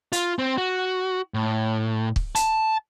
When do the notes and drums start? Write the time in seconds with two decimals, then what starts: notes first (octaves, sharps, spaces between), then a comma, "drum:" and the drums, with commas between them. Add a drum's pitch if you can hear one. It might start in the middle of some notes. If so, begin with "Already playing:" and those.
0.13 F4, drum: hi-hat
0.39 C4
0.58 F#4
1.34 A2
2.16 drum: kick
2.35 A5, drum: hi-hat